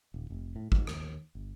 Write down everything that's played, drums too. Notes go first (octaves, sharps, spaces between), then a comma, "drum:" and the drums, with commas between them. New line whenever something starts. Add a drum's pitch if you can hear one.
D#1
F1
A2
G#2, drum: kick G#1
D#2, drum: rim click
G1